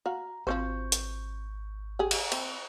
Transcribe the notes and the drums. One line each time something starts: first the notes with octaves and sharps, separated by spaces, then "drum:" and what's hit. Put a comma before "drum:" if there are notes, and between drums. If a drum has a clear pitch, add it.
F#4 F5 A#5
G#1 F3 C4 C5 C#6 G6
drum: hi-hat
G4 G#4
drum: cymbal
C4, drum: cymbal